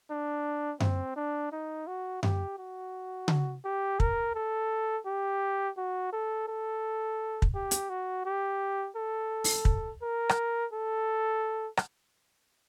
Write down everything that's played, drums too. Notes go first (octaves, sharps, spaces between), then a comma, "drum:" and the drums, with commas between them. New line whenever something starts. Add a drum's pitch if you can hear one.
D4
C4, drum: tom F#2
D4
D#4
F#4
G4, drum: tom F#2
F#4
drum: tom C#3
G4
A#4, drum: kick
A4
G4
F#4
A4
A4
drum: kick
G4
drum: hi-hat
F#4
G4
A4
drum: open hi-hat
drum: kick
A#4
drum: rim click
A4
drum: rim click